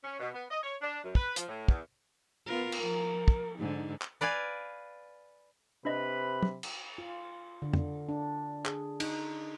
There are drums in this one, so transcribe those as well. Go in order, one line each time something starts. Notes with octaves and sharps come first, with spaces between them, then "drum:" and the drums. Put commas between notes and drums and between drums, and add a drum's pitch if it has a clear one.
C#4
B2
B3
D#5
C#5
D4
F#2
B4, drum: kick
F3, drum: hi-hat
A2
E2, drum: kick
B3 F4 A#4
drum: cymbal
F3 A#4
drum: kick
G#2 D3 D#4
drum: clap
B4 D5 F5 G#5
C3 D4 B4 D#5 B5
drum: tom
drum: cymbal
F4
D3
drum: tom
D4
G#4, drum: clap
D#4, drum: cymbal